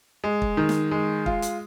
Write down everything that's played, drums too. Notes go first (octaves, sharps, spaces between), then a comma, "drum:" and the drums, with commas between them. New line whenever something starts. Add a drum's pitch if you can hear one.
G#3
drum: kick
D#3
drum: snare
G#3
F4, drum: kick
drum: hi-hat